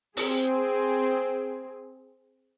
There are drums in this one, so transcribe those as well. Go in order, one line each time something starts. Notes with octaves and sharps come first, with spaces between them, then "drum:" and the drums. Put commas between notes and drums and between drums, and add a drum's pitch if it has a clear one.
C4 G#4, drum: open hi-hat